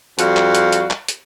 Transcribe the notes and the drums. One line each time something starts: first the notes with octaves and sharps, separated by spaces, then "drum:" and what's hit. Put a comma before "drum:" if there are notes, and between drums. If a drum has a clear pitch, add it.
F2 G3 F#4 F5, drum: hi-hat
drum: clap
drum: hi-hat
drum: hi-hat
drum: clap
drum: hi-hat